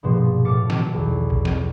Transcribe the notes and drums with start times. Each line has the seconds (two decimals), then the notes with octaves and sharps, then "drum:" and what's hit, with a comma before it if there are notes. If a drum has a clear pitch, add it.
0.03 A#1 G2 B2 F3 A4 C6
0.45 A2 A5 D6 F6 A6 C#7
0.70 D#3 F#3, drum: snare
0.93 B1 E2
1.30 drum: kick A1
1.45 drum: snare